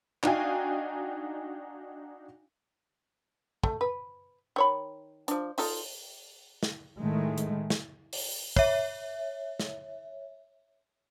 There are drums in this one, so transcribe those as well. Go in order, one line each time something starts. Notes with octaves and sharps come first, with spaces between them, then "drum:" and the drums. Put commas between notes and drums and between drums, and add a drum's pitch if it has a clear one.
D4 D#4 F#4 F5 G5 G#5, drum: clap
A3, drum: kick
B4
D#3 C#5 B5
F3 D4, drum: hi-hat
D#4 F4 A4, drum: open hi-hat
drum: snare
A2 D#3 G#3 A3
drum: hi-hat
drum: snare
drum: open hi-hat
C#5 E5, drum: kick
drum: snare